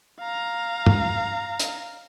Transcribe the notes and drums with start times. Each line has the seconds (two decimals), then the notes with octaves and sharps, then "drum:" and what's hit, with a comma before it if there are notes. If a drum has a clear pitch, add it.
0.20 F5 A#5
0.86 drum: tom
1.60 drum: hi-hat